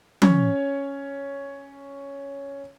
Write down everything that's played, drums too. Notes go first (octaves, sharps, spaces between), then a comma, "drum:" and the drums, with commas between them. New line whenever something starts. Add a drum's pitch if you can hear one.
C#4 C#5, drum: tom F3